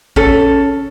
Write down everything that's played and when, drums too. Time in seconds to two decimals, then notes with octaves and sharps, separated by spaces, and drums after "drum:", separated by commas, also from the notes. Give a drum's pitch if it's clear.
0.16 C#4 A4, drum: kick A1